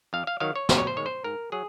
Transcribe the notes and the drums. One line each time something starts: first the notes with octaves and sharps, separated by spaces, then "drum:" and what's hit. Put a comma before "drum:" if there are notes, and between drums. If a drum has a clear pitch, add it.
F2 F5
F5
D#3 F#3 F5
C#5
F#2 C5, drum: snare
C#5
C5
D#3 G#3 C#5
C5
G#2 A#4
F#3 G#4